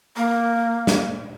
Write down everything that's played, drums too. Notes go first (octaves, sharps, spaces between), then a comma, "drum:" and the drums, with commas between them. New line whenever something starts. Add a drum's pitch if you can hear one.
A#3
drum: snare